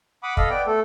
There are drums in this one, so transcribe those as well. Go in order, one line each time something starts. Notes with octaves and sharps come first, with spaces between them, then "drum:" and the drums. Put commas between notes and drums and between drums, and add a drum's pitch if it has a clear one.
F#5 B5 D6 D#6
A4 D#5 F5 B5, drum: kick
B3 D5 G5
A3 A4